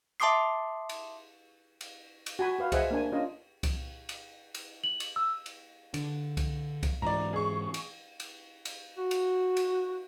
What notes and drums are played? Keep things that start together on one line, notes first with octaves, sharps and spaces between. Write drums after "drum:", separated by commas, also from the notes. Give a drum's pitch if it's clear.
E5 A5 C6 D6 D#6 C7
drum: cymbal
drum: cymbal
drum: cymbal
F#4 G#5 B5
F#4 B4 F5
G#4 C5 D#5 E5 F#5 G#5, drum: kick C2, cymbal
A#3 D4 G#5
C#4 D4 F4 D#5
drum: kick C2, cymbal
drum: cymbal
drum: cymbal
F#7
drum: cymbal
E6
drum: cymbal
D3, drum: cymbal
drum: kick C2, cymbal
drum: kick C2, cymbal
G#2 E3 D5 A#5
G#4 C#6
drum: cymbal
drum: cymbal
drum: cymbal
F#4
drum: cymbal
drum: cymbal